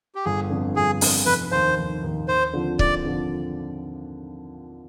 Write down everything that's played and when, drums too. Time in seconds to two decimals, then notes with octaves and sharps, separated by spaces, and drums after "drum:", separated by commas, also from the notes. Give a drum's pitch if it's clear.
0.15 G4
0.25 G1 G#4
0.50 F2 D3
0.76 G1 G#4
1.01 F2 D3, drum: open hi-hat
1.26 F1 B4
1.51 D#2 D#3 C5
1.77 F1
2.03 D#2 D#3
2.28 D#2 C5
2.53 D3 F3 C4 F4
2.79 D#2 D5, drum: kick C#1
3.04 D3 F3 C4 F4